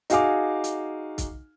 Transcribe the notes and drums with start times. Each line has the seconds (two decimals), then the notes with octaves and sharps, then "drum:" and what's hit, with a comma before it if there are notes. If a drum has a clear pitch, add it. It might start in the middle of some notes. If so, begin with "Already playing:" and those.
0.10 D#4 F#4 G#4 F5 G#5 D6, drum: hi-hat
0.64 drum: hi-hat
1.18 drum: kick, hi-hat